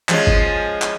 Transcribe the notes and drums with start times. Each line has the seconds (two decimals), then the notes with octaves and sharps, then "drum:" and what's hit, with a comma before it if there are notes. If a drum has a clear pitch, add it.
0.09 F3 G#3 C#4, drum: clap
0.27 drum: kick F#1
0.82 drum: clap